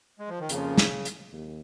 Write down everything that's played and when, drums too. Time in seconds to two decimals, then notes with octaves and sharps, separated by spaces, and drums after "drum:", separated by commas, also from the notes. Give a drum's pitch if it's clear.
0.19 G#3
0.29 F3
0.40 D#3
0.49 F2 C#3 F3 A#3 C#4 F4, drum: hi-hat
0.78 drum: snare
1.05 drum: hi-hat
1.33 D#2